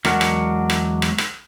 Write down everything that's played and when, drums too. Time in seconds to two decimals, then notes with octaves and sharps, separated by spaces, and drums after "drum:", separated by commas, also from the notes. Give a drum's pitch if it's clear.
0.05 E2 F#3 G#3 D4 A#4 F#5, drum: rim click
0.21 drum: rim click
0.70 drum: rim click
1.02 drum: rim click
1.18 drum: rim click